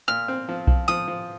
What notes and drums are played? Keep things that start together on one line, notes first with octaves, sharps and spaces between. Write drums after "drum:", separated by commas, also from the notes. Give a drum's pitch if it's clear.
A#2 F6
C4
F3
F3, drum: kick B1
F3 D#6
F3